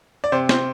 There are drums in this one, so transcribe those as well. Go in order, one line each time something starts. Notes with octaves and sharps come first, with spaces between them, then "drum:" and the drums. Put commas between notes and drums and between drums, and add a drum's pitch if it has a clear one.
D5
C3 C5
C5, drum: snare